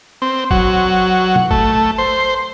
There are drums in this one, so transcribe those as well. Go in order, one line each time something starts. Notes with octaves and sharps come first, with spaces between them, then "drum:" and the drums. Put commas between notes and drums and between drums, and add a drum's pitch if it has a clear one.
C4
F#3, drum: kick G#1
drum: tom
A3, drum: kick G#1
C5